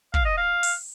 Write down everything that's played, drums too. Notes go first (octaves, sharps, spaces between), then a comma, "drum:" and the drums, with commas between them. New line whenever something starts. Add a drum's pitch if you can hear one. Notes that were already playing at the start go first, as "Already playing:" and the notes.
F5, drum: kick
D#5
F5
drum: open hi-hat